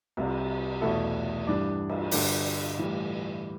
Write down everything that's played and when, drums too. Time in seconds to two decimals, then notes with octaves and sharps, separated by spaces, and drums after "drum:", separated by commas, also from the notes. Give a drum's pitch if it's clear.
0.17 C2 C3 G3, drum: cymbal
0.81 E2 B2 A3 E4 A4
1.47 G2 E3 G3 D4
1.89 drum: cymbal
2.11 G2 D3 G3 D4, drum: open hi-hat
2.78 A2 E3 G3